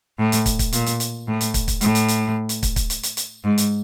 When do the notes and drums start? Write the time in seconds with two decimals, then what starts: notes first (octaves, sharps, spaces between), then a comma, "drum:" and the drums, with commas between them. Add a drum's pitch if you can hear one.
0.19 A2
0.32 drum: hi-hat
0.46 drum: kick, hi-hat
0.59 drum: kick, hi-hat
0.73 A#2, drum: hi-hat
0.86 drum: hi-hat
1.00 drum: hi-hat
1.27 A2
1.41 drum: hi-hat
1.54 drum: kick, hi-hat
1.68 drum: kick, hi-hat
1.81 A2, drum: hi-hat
1.95 drum: hi-hat
2.08 drum: hi-hat
2.49 drum: hi-hat
2.63 drum: kick, hi-hat
2.76 drum: kick, hi-hat
2.90 drum: hi-hat
3.03 drum: hi-hat
3.17 drum: hi-hat
3.44 G#2
3.58 drum: hi-hat